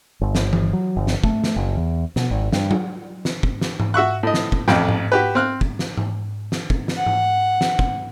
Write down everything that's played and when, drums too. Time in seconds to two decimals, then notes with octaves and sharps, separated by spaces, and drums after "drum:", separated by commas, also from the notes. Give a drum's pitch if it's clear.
0.21 G1
0.35 drum: snare
0.53 drum: tom E3
0.73 F#3
0.97 G1
1.07 drum: snare
1.24 A3, drum: kick
1.44 drum: snare
1.56 F#1
1.77 E2
2.16 B2, drum: snare
2.31 G#1
2.53 G2, drum: snare
2.71 drum: tom F#3
3.25 drum: snare
3.43 drum: kick
3.61 drum: snare
3.80 drum: tom G#2
3.94 F#4 E5 C#6 F#6
4.23 A2 D#5
4.34 drum: snare
4.52 drum: kick
4.68 A1 F2 G5, drum: snare
4.89 drum: tom G#2
5.12 F#4 G4 B4
5.35 C4 F6 F#6
5.61 drum: kick
5.79 drum: snare
5.97 drum: tom G#2
6.52 drum: snare
6.70 drum: kick
6.88 drum: snare
6.97 F#5
7.06 drum: tom G#2
7.61 drum: snare
7.79 drum: kick